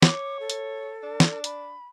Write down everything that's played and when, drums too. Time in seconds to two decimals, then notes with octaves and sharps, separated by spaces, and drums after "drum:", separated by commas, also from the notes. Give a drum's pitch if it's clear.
0.02 C#5 D6, drum: snare
0.40 A4
0.50 drum: hi-hat
1.03 D4
1.20 drum: snare
1.44 B5, drum: hi-hat